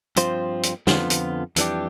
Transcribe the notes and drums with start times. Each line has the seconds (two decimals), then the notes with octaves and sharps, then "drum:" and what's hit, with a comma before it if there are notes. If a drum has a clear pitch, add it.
0.16 G2 F3 C4 F4 C5, drum: hi-hat
0.63 drum: hi-hat
0.87 F2 D3 F3 B3 F4, drum: snare
1.10 drum: hi-hat
1.56 F2 E3 G3 D4 G4, drum: hi-hat